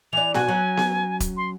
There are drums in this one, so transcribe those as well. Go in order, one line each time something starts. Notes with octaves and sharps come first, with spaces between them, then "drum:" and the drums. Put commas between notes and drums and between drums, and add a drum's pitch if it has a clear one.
E3 D5 F7
B2 F#4 G#5, drum: snare B3
F#3 C#4
drum: snare B3
drum: kick, hi-hat
C6